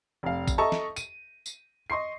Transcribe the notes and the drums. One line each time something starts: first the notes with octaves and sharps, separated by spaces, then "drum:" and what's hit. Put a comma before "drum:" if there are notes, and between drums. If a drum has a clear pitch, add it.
F1 F5
drum: kick A1, tambourine
A4 D#5 E5 A5 A#5 C#6
drum: snare
D#7, drum: tambourine
drum: tambourine
D#5 C6 C#6 C7